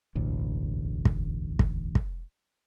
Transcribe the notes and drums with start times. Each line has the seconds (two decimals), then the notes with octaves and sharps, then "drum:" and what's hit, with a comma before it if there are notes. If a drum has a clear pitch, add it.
0.15 E1 A1 D2
1.05 drum: kick
1.59 drum: kick
1.95 drum: kick